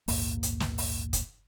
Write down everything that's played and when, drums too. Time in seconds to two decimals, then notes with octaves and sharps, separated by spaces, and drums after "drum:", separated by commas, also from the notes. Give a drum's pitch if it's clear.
0.08 A#1 D#2 G#2 A#3, drum: open hi-hat
0.43 drum: hi-hat
0.60 drum: snare
0.78 drum: open hi-hat
1.13 drum: kick, hi-hat